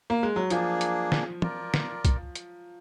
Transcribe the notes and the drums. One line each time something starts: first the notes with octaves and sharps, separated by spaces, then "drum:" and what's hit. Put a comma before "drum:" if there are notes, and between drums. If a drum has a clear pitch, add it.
A#3
G#3
F#3
F3 A#3 D4 G#4, drum: hi-hat
drum: hi-hat
drum: snare
F4 A#4 D5, drum: tom
drum: snare
drum: kick, hi-hat
drum: hi-hat